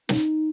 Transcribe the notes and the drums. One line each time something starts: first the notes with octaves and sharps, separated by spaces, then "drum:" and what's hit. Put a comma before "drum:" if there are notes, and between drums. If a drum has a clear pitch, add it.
D#4, drum: snare